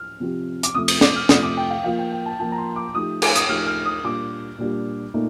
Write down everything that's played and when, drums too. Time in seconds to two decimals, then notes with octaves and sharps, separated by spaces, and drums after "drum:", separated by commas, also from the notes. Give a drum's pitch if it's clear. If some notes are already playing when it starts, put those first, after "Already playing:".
Already playing: F6
0.20 C3 F3 C4 G4
0.63 D6, drum: hi-hat
0.74 F2 C3 F3 A3 D#6
0.88 D#6, drum: cymbal
1.01 D6, drum: snare
1.16 F6
1.29 F2 C3 F3 A3 D#6, drum: snare
1.43 D6
1.57 G5
1.70 F5
1.84 F3 A#3 F4 F5
1.98 G5
2.12 G5
2.26 A5
2.39 F3 A#3 F4 A5
2.52 A#5
2.58 C6
2.76 D6
2.94 F3 A3 D#4 G4 D#6
3.22 D6, drum: cymbal
3.36 D#6, drum: hi-hat
3.49 F3 A3 D#4 G4 F6
3.67 F6
3.85 D#6
4.04 A#2 G3 D4 F4 D6
4.59 A#2 G3 D4 F4
5.14 A#2 A3 D#4